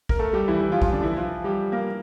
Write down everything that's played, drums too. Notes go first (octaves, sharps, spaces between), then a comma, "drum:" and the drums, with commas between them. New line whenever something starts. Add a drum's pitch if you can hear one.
A#4, drum: kick
A3 A4
G3 G4
E3 E4
E3 E4
F3 F4
F3 F4, drum: kick
D3 D4
E3 E4
F3 F4
G3 G4
A#3 A#4